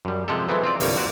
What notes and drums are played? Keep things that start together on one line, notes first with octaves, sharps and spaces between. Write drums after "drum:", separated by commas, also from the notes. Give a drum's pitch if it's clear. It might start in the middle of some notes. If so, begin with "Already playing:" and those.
F#2 G3
C3 F3 G#3 G4 A4
E3 F#3 G#3 A3 B3 C4
C4 F4 D5
G1 C2 F2 G3 A#3 C#5, drum: open hi-hat
C4 F#4 B4 D5